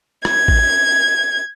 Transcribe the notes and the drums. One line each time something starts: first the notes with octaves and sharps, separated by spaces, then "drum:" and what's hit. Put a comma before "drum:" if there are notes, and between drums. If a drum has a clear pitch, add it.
G#6, drum: rim click
drum: kick A1